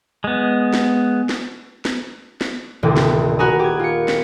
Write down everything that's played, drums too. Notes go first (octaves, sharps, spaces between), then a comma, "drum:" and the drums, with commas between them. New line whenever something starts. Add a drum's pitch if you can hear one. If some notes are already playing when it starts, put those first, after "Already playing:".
G#3 B3
drum: snare
drum: snare
drum: snare
drum: snare
D#1 A1 D2 C3
drum: snare
F#4 A#4 B4 G#5 A#5 D#6
G4 G#6
F4 C#7
drum: snare